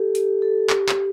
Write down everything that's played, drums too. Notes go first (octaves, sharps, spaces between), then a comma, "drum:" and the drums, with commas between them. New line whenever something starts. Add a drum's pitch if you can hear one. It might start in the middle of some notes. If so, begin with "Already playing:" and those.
Already playing: G4 A4
G4, drum: hi-hat
A4
G4, drum: clap
drum: clap